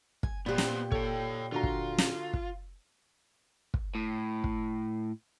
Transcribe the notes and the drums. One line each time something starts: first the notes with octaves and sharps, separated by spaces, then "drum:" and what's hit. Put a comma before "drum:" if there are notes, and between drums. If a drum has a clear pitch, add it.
G#5, drum: kick
A#2 B3 C4 G4 B4
drum: snare
A4 C#5 G5, drum: kick
D3 F4 F#4 A#5
drum: kick
drum: snare
drum: kick
drum: kick
A2
drum: kick